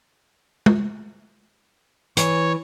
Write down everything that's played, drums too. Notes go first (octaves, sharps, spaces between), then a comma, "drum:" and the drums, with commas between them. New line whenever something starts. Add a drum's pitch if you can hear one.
drum: tom
E3 C#5, drum: hi-hat